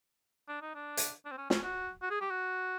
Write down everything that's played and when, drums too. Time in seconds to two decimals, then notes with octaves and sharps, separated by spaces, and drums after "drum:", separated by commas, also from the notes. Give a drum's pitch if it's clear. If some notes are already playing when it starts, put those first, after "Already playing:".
0.48 D4
0.62 D#4
0.75 D4
0.97 drum: hi-hat
1.25 D4
1.32 C4
1.38 C#4
1.50 C#4, drum: snare
1.64 F#4
2.02 F#4
2.11 G#4
2.21 G4
2.31 F#4